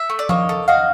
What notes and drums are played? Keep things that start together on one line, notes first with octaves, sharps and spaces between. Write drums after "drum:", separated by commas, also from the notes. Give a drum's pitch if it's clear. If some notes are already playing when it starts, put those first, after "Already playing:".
Already playing: E5
A3
D5
A#3 C#5 D#5, drum: tom F3
A4
F#4 D#5 F5